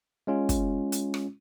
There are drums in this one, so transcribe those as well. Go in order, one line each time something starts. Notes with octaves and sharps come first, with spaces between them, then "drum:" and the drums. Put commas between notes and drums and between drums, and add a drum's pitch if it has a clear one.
G#3 C#4 F4
drum: kick, hi-hat
drum: hi-hat
drum: rim click